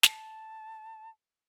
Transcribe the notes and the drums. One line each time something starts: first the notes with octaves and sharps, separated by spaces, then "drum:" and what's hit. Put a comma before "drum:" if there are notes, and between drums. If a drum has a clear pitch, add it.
A5, drum: snare